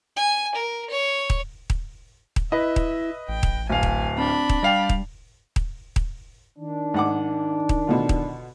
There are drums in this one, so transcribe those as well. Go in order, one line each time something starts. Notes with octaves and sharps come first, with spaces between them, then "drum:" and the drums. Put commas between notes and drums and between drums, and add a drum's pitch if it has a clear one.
G#5
A#4
C#5
drum: kick D#1
drum: kick D#1
drum: kick D#1
E4 B4 D#5 E5
drum: kick D#1
A1 G5
drum: kick D#1
D1 F5 G#5
drum: kick D#1
C4 D4 B5
drum: kick D#1
G3 D5 F5 G5
drum: kick D#1
drum: kick D#1
drum: kick D#1
D#3 D4
G#2 F#5 D6
drum: kick D#1
B2 D3 F4
drum: kick D#1